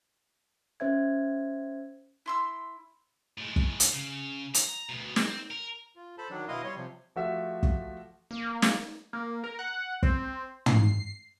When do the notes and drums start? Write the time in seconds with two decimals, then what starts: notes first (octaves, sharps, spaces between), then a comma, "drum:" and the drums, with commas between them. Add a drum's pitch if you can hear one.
0.80 C#4 C5 E5 G#6
2.26 E4 C6 E6
3.38 A2 G#3
3.56 drum: kick
3.80 drum: hi-hat
3.93 C#3
4.54 A#5, drum: hi-hat
4.89 D2 B2
5.16 C4, drum: snare
5.51 A#4
5.96 F4
6.18 A4 C5 A5 B5
6.30 D#3 F#3 D4
6.48 B2 E4 D#5 F5 C6 D#6
6.63 G3 C#5 C6
6.75 C3 F3
7.16 F3 A3 F#4 G4 E5
7.63 drum: kick
8.31 A#3
8.62 drum: snare
9.13 A#3
9.44 A#4
9.59 F#5
10.03 C4, drum: kick
10.66 C7, drum: tom